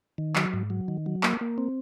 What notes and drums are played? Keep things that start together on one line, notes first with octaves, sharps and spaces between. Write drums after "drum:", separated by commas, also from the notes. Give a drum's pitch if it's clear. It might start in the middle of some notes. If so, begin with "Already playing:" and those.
D#3
F#3, drum: clap
G#2
F#3
D#3
F#3
A#3, drum: clap
A#3
C4